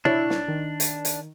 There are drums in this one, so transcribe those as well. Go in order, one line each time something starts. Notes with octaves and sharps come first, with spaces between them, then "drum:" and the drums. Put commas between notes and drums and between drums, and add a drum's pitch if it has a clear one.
D4 E4 C#5, drum: tom B2
drum: snare
D#3
drum: hi-hat
drum: hi-hat